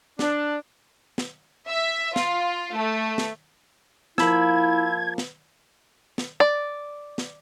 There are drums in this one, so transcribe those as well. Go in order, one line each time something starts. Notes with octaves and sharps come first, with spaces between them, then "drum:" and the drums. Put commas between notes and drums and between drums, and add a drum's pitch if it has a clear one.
D4, drum: snare
drum: snare
E5
F4, drum: snare
A3
drum: snare
F3 A#3 E4 B5 E6 G#6, drum: snare
drum: snare
drum: snare
D5
drum: snare